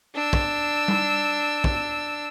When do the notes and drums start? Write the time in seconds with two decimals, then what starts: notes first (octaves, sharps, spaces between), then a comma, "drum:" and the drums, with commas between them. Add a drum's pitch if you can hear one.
0.15 D4 E6
0.33 drum: kick
0.88 drum: tom G3
1.64 drum: kick